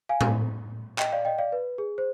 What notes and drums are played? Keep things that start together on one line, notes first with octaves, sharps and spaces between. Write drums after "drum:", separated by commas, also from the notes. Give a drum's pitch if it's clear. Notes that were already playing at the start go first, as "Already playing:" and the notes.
F5 G#5
drum: tom A2
D#5 G5, drum: clap
D5 F5
D#5 G5
D5 F5
B4
G#4
C5